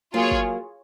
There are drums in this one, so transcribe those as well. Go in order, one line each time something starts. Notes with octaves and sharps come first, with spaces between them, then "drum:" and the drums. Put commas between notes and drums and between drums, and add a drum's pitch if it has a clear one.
F#3 A#3 F4 G#4 C#5
drum: kick